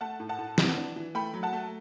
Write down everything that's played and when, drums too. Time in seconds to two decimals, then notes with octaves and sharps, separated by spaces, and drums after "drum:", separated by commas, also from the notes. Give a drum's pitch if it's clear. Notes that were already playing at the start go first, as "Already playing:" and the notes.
0.01 A3 F#5 A5
0.20 A2
0.29 F#5 A5
0.39 A2
0.58 E3, drum: snare
0.77 D4
0.96 E3
1.15 A3 G5 B5
1.34 F#3
1.43 F#5 A5
1.53 A3